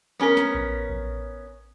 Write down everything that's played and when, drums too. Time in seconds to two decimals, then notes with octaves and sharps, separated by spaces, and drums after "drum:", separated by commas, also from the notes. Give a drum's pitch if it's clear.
0.19 B3 C#4 G4 A#4
0.37 drum: snare
0.54 drum: kick A#1
0.89 drum: kick A#1